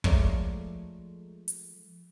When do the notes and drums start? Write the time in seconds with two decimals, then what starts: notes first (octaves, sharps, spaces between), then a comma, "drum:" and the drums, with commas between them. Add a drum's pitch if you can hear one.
0.04 F3 G#3 A3 A#4 C#5 D5, drum: kick
1.48 drum: hi-hat